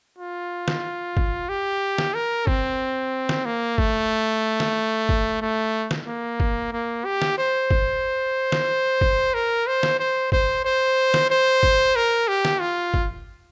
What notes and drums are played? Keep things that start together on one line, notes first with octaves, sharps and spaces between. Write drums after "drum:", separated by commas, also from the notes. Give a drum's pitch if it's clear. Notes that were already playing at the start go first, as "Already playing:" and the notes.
F4
drum: snare
drum: kick
G4
drum: snare
A#4
C4, drum: kick
drum: snare
A#3
A3, drum: kick
drum: snare
drum: kick
A3
drum: snare
A#3
drum: kick
A#3
G4
drum: snare
C5
drum: kick
drum: snare
drum: kick
A#4
C5
drum: snare
C5
C5, drum: kick
C5
drum: snare
C5
drum: kick
A#4
G4
drum: snare
F4
drum: kick